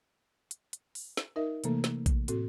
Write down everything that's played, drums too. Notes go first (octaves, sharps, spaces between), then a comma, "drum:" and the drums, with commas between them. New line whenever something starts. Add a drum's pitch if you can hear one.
drum: hi-hat
drum: hi-hat
drum: open hi-hat
drum: snare
D#4 A#4 D#5 E5
C3 E3 A3 A#3 A4, drum: hi-hat
drum: snare
drum: kick A#1, hi-hat
A2 C4 F#4 A4, drum: hi-hat